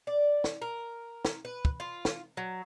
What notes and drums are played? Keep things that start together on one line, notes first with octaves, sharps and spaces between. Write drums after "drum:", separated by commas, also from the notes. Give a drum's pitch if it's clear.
D5
drum: snare
A#4
drum: snare
B4
drum: kick
F4
drum: snare
F#3